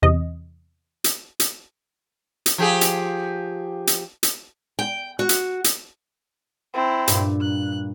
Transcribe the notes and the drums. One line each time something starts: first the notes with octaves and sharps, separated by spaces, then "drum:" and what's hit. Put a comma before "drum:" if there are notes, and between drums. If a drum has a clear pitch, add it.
E2 C3 D#5
drum: hi-hat
drum: hi-hat
drum: hi-hat
F3 G4 G#4
drum: hi-hat
drum: hi-hat
drum: hi-hat
G5
F#4
drum: hi-hat
drum: hi-hat
C4 E4
G2 A#2, drum: hi-hat
F#6